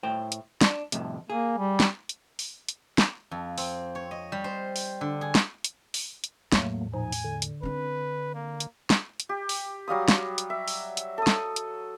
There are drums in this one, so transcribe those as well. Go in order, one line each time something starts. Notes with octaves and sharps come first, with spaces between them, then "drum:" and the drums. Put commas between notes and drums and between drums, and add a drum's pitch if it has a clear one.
A2 C5 G5
drum: hi-hat
D4, drum: snare
F2 A2 C3, drum: hi-hat
A#3 G#4
G3
drum: snare
drum: hi-hat
drum: open hi-hat
drum: hi-hat
drum: snare
F2
C4, drum: open hi-hat
C#5
D#5
G3
C5
drum: open hi-hat
D3
G#4
drum: snare
drum: hi-hat
drum: open hi-hat
drum: hi-hat
E2 A2 F#3 A3 A#3, drum: snare
A#2 F3 D#4 G#5
drum: open hi-hat
D3
drum: hi-hat
C4 D4 B4
A#3
drum: hi-hat
drum: snare
drum: hi-hat
G4
drum: open hi-hat
F#3 G3 F5 D#6
drum: snare
drum: hi-hat
E5
drum: open hi-hat
drum: hi-hat
A4 D#6
drum: snare
drum: hi-hat